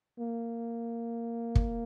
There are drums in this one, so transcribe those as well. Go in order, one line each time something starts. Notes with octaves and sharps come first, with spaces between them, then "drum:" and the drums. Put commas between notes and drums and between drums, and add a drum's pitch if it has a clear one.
A#3
drum: kick